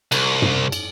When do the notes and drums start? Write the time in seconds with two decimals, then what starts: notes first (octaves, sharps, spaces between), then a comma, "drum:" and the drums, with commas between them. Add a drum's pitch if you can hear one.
0.12 C2, drum: cymbal
0.42 drum: tom
0.72 drum: cymbal